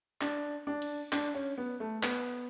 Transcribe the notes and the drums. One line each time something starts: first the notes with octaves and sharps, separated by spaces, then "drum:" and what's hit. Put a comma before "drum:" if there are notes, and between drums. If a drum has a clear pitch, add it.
D4, drum: clap
D4
drum: cymbal
D4, drum: clap
C#4
B3
A3
B3, drum: clap